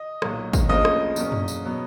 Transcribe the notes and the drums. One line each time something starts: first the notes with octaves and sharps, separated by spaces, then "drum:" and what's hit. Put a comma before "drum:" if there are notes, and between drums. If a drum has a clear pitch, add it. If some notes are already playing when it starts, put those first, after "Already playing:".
Already playing: D#5
B1 A#2 F#3, drum: rim click
drum: kick, tambourine
D2 C#3 F3 A#3 C#4 D#5 D#6
drum: rim click
E2 B2 F#3 A#3 C#4, drum: tambourine
drum: tom F#2
drum: tambourine
B2 F#3 B3